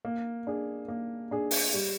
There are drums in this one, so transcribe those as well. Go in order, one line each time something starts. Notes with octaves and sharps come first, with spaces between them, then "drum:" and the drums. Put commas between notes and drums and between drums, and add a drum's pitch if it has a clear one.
A#3
D4 G#4
A#3
D4 G#4
drum: open hi-hat
G3